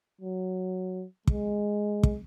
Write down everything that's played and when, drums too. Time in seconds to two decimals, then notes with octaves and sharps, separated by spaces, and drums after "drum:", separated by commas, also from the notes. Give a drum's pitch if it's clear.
0.21 F#3
1.27 G#3, drum: kick
2.03 drum: kick